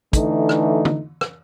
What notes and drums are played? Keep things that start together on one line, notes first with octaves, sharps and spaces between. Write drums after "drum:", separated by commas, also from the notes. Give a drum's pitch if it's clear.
D3 E3 A3 D#4, drum: kick, hi-hat
drum: rim click
drum: tom
drum: rim click